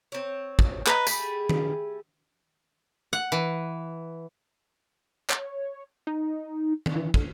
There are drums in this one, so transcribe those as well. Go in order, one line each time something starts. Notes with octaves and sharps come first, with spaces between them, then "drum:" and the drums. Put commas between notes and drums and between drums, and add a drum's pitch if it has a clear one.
C4 C#5
drum: kick
B4 D5 D#5 A#5, drum: clap
A3 G4 G#4 B5, drum: tambourine
drum: tom D#3
F#5
E3
C#5, drum: clap
D#4
drum: tom D#3
E3
D3, drum: kick